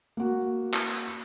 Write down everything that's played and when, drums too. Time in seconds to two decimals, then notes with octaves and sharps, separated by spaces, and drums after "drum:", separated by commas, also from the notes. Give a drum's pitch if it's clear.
0.17 A#3 F#4
0.73 drum: clap